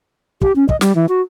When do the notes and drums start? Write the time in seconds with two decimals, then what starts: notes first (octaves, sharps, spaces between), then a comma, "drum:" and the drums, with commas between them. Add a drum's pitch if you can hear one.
0.41 G4, drum: kick
0.56 C#4
0.69 D#5, drum: kick
0.81 G3, drum: snare
0.95 E3
1.09 F#4